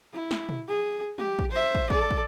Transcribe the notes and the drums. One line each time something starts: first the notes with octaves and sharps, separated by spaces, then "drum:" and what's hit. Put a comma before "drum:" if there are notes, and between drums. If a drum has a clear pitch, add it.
E4
drum: snare
drum: tom
G#4
G4, drum: tom G3
drum: kick
C5 E5
drum: kick
A4 D5, drum: kick
drum: kick